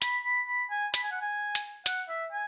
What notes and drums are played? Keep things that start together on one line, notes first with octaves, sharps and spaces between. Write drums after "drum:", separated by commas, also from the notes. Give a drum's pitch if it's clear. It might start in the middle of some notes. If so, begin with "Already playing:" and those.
B5, drum: hi-hat
B5
B5
G#5
B5, drum: hi-hat
G#5
F#5
G#5
drum: hi-hat
F#5, drum: hi-hat
E5
G#5